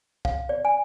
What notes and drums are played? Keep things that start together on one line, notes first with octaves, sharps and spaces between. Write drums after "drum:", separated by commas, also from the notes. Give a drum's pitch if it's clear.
F5, drum: kick C2
D5
G#5